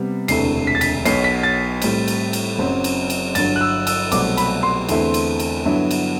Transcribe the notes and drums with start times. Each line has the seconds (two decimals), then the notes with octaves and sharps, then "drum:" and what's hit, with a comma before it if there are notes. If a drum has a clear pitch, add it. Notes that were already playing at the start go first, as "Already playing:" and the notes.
Already playing: C3 G3 B3
0.28 E1 D2 C3 E3 A3 C7, drum: cymbal
0.67 B6
0.75 A6
0.81 B6, drum: cymbal
1.05 B1 B2 F#3 C7, drum: cymbal
1.24 B6
1.43 A6
1.82 A2 G3 C4, drum: cymbal
2.08 drum: cymbal
2.33 drum: cymbal
2.59 F#1 F#2 F#3 C4
2.84 drum: cymbal
3.10 drum: cymbal
3.35 G1 G2 F#3 A6, drum: cymbal
3.56 F#6
3.61 E6
3.87 E6, drum: cymbal
4.12 C2 B2 F#3 A3 C4 D6, drum: cymbal
4.37 B5, drum: cymbal
4.63 C6
4.89 E2 D3 A3 C4 E4, drum: cymbal
5.14 drum: cymbal
5.40 drum: cymbal
5.65 G2 D3 F#3 B3 E4
5.91 drum: cymbal